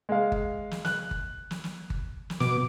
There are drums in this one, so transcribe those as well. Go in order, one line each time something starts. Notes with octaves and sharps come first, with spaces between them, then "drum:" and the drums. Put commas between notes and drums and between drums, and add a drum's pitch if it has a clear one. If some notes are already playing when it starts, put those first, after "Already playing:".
G#3 F5
drum: kick G1
drum: snare
F#6, drum: snare
drum: kick G1
drum: snare
drum: snare
drum: kick G1
drum: snare
B2 D6, drum: snare